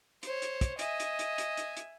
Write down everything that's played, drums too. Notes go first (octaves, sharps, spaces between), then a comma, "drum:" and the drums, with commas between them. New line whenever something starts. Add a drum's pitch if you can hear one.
C5 C#5, drum: hi-hat
drum: hi-hat
drum: kick, hi-hat
D#5 E5 G#5, drum: hi-hat
drum: hi-hat
drum: hi-hat
drum: hi-hat
drum: hi-hat
drum: hi-hat